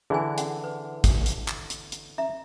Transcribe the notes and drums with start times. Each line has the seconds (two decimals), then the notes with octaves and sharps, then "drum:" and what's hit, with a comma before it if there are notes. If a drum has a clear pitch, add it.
0.10 D3 E3 G#4 G#5
0.38 F#5, drum: hi-hat
0.64 B4
1.04 drum: kick, hi-hat
1.26 drum: hi-hat
1.48 drum: clap
1.70 drum: hi-hat
1.92 drum: hi-hat
2.18 E5 A#5